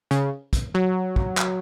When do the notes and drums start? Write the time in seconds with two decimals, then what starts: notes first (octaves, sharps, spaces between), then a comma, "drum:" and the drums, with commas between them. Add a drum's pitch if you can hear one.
0.11 C#3, drum: hi-hat
0.53 drum: kick, hi-hat
0.75 F#3
1.16 drum: kick
1.37 drum: clap